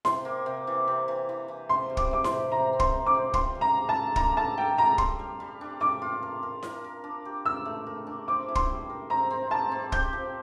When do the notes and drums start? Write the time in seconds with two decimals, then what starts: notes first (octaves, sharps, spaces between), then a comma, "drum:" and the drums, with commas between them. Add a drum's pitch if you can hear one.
0.05 C3 C6, drum: snare E4
0.25 A#3
0.46 C3
0.67 E3
0.88 C3
1.08 E3
1.29 E3
1.48 E3
1.69 C3 C6
1.90 G3
1.97 D6, drum: kick
2.11 C3 D6
2.24 C6, drum: snare E4
2.31 C3
2.52 C3 A#5
2.73 C4
2.80 C6, drum: kick
2.93 C4
3.06 D6
3.14 C4
3.34 F4 C6, drum: kick
3.55 G3
3.61 A#5
3.75 D4
3.89 A5
3.95 A4
4.16 G3 A#5, drum: kick
4.37 A4 A5
4.58 A4 G5
4.77 G3 A#5
4.98 G3 C6, drum: kick
5.19 G3
5.40 G3
5.61 D4
5.80 D4 D6
6.02 F4
6.23 A#4
6.43 A#4
6.63 A#4, drum: snare E4
6.84 A#4
7.04 D4
7.25 G4
7.45 A#4 E6
7.65 A3
7.87 A#4
8.07 D4
8.28 C4 D6
8.48 E4
8.55 C6, drum: kick
8.69 G3
8.90 A#4
9.10 C4 A#5
9.30 C4
9.51 G3 A5
9.72 C4
9.92 G4 G6, drum: kick
10.13 F3